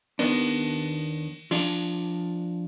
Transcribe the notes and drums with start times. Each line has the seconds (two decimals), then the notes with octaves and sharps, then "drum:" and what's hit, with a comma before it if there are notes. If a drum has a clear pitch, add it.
0.19 D#2 D#3 B3 D4, drum: cymbal
1.51 F3 D4, drum: cymbal